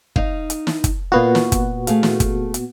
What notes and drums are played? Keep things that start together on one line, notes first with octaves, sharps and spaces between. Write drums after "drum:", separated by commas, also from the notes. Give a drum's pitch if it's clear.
D#4 F5, drum: kick
drum: hi-hat
drum: snare
drum: kick, hi-hat
A#2 B3 F4 F#4 F5
drum: snare
drum: kick, hi-hat
A3 G#4 F5, drum: hi-hat
drum: snare
drum: kick, hi-hat
drum: hi-hat